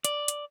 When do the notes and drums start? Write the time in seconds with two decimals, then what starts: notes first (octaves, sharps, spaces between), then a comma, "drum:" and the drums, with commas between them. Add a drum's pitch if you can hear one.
0.05 D5, drum: hi-hat
0.28 drum: hi-hat